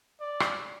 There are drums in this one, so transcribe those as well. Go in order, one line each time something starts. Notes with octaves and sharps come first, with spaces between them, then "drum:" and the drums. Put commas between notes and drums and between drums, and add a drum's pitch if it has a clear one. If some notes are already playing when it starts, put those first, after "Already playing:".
D5
drum: rim click